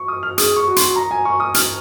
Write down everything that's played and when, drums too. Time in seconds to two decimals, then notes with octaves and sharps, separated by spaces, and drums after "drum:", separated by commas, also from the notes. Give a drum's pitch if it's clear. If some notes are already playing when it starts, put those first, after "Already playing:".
Already playing: C#6
0.08 D#6
0.23 F6
0.38 G#4 D#6, drum: hi-hat
0.56 C#6
0.67 F#4
0.76 C6, drum: hi-hat
0.96 A#5
1.11 G#5
1.25 C#6
1.40 D#6
1.54 F6, drum: hi-hat